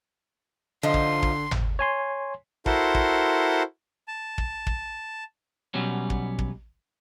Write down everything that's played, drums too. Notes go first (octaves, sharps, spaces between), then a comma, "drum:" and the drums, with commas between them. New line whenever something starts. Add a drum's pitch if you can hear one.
D3 F3 D#4 C6
drum: kick
drum: kick
drum: tom G#1
C#5 G#5 C6
E4 F#4 A4 A#4 C5 C6, drum: kick
drum: kick
A5
drum: kick
drum: kick
B2 F#3 G3 B3 C#4
drum: kick
drum: kick